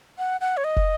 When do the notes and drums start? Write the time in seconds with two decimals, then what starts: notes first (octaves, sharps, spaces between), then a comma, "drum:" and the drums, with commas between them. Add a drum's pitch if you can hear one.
0.18 F#5
0.41 F#5
0.57 C#5
0.64 D#5
0.76 drum: kick